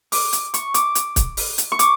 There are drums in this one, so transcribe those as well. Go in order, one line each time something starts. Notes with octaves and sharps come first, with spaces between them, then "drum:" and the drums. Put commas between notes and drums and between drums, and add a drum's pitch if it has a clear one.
D6, drum: open hi-hat
drum: hi-hat
C#6, drum: hi-hat
D6, drum: hi-hat
drum: hi-hat
drum: kick C#1, hi-hat
drum: open hi-hat
drum: hi-hat
C#6
D6, drum: hi-hat